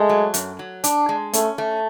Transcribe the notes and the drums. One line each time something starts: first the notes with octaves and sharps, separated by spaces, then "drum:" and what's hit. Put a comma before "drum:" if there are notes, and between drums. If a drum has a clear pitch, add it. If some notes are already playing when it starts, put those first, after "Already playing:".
Already playing: G#3 A3
F#3
F#2, drum: hi-hat
F#3
D4, drum: hi-hat
G#3
A3 C#4, drum: hi-hat
A3